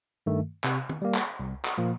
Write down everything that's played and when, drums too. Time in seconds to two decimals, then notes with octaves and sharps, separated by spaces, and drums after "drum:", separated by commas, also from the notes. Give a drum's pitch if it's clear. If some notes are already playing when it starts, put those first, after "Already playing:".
0.26 G2 D#3 A3
0.64 C3, drum: clap
0.89 drum: tom
1.02 G3 A#3
1.15 drum: clap
1.40 C2
1.65 drum: clap
1.78 A#2 F3 A#3